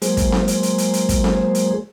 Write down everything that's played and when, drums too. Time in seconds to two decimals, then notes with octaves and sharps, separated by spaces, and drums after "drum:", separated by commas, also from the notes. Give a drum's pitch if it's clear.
0.02 F#3 G#3 A#3 G#4 C5, drum: hi-hat
0.17 drum: kick, hi-hat
0.32 drum: snare C4
0.48 drum: hi-hat
0.63 drum: hi-hat
0.78 drum: hi-hat
0.93 drum: hi-hat
1.09 drum: kick, hi-hat
1.24 drum: snare C4
1.55 drum: hi-hat